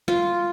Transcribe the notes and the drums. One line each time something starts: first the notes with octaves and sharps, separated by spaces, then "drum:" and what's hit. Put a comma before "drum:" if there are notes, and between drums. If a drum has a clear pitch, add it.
F4, drum: tom